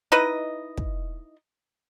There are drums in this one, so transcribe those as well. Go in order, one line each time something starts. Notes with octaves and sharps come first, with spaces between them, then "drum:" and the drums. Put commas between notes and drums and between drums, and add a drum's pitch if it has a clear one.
D#4 E4 B4 D#5
drum: kick